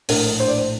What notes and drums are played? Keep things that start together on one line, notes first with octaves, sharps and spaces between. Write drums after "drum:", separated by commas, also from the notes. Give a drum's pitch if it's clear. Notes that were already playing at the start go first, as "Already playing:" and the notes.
A#1 A2 A3 D4 A#4, drum: open hi-hat
C5
D5
C5